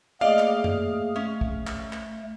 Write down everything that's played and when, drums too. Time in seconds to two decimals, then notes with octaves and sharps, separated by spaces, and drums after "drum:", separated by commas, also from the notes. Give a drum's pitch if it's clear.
0.21 A3 A#3 G#4 D5 D#5 F5
0.39 drum: clap
0.64 drum: tom F#2
1.16 A3 C#4
1.41 drum: kick
1.67 drum: clap
1.93 drum: clap